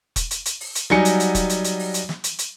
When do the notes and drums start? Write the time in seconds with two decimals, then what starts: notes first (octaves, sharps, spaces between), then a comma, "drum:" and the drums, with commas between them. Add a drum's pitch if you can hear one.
0.16 drum: kick E1, hi-hat
0.31 drum: hi-hat
0.46 drum: hi-hat
0.60 drum: open hi-hat
0.75 drum: hi-hat
0.90 F#3 G3 D#4 G#5 C#7, drum: snare
1.05 drum: hi-hat
1.20 drum: hi-hat
1.35 drum: kick E1, hi-hat
1.49 drum: hi-hat
1.64 drum: hi-hat
1.79 drum: open hi-hat
1.94 drum: hi-hat
2.09 drum: snare
2.24 drum: hi-hat
2.39 drum: hi-hat